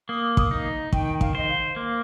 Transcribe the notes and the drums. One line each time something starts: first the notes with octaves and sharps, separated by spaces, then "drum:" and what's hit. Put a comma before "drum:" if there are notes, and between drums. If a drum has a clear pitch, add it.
A#3 D#6
D#6, drum: kick
D#4
D#3 G5, drum: kick
F5, drum: kick
C5 D#5
F5
A#3 C6